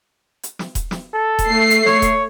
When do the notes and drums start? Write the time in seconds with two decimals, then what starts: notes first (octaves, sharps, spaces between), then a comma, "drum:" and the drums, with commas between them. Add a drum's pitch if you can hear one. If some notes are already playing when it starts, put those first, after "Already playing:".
0.43 drum: hi-hat
0.59 drum: snare
0.75 drum: kick D#1, hi-hat
0.91 drum: snare
1.14 A4
1.39 drum: kick D#1, hi-hat
1.48 A3 C7
1.70 drum: hi-hat
1.86 C#5, drum: snare
2.02 drum: kick D#1, hi-hat